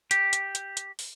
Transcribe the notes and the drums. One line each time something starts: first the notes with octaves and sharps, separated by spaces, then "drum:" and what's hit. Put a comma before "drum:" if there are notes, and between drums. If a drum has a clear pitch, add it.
G4, drum: hi-hat
drum: hi-hat
drum: hi-hat
drum: hi-hat
drum: open hi-hat